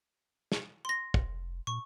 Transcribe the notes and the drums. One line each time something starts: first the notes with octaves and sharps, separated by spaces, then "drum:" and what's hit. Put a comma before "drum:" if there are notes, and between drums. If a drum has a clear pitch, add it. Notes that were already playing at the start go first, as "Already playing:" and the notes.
drum: snare
C6 A#6
F1, drum: kick
A#2 C#6